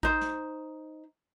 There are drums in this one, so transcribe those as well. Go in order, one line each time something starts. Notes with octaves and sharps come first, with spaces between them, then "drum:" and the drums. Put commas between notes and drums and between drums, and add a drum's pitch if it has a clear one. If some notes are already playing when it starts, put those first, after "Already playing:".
D#4 C5, drum: kick A1
drum: snare